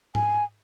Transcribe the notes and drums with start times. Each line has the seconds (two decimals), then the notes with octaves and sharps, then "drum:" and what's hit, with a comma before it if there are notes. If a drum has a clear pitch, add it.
0.15 G#5, drum: tom G#2